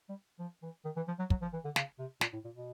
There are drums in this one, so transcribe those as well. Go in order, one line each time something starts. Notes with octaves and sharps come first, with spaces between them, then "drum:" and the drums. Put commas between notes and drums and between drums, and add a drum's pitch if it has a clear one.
G3
F3
E3
D#3
E3
F3
F#3
F#3, drum: kick
F3
E3
D3
C#3, drum: snare
C3
A#2, drum: snare
A2
A#2
B2